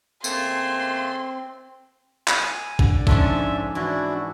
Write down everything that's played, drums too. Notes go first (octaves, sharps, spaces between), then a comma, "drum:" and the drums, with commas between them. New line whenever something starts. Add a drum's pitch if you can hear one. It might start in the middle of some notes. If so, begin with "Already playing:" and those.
C#3 A3 A#3 C4 C6, drum: tambourine
G#5, drum: clap
D3, drum: kick A1
G#2 F3 C#4 D4 A4 E5, drum: kick A1
E3 D4 E4 F#4